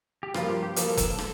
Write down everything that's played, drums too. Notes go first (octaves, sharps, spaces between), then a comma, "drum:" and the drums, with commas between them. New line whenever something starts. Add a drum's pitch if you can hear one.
G4
G2 F3 A#3 F4, drum: rim click
G4
G4
G2 F3 A#3 A4, drum: hi-hat
drum: kick F1, hi-hat
drum: rim click